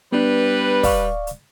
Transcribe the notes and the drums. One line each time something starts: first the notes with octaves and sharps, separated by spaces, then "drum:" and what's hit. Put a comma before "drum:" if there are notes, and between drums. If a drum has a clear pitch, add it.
G3 B3 D4 B4
D5 F5 C#6, drum: kick, open hi-hat
drum: hi-hat